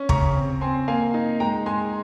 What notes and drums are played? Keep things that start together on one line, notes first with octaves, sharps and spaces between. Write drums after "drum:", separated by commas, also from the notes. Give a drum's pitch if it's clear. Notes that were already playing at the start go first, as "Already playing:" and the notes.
Already playing: C#4
C#3 A#5 C#6, drum: kick
C4
C4 G#5 C6
A#3 F5 G#5
D#4
G#3 G5 A#5
G#3 G#5 C6